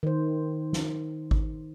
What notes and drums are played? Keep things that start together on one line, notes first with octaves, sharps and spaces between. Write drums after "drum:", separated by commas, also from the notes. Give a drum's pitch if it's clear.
D#3 C5
drum: snare
drum: kick G#1